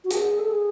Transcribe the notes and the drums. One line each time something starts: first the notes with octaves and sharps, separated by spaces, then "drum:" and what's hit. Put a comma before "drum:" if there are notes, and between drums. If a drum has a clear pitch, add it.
F#4
G#4, drum: hi-hat
A4
G#4